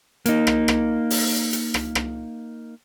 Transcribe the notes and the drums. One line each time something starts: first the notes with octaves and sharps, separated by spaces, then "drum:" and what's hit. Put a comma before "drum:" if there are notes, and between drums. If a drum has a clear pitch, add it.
A#3 D#4, drum: hi-hat
drum: rim click
drum: rim click
drum: open hi-hat
drum: hi-hat
drum: rim click
drum: rim click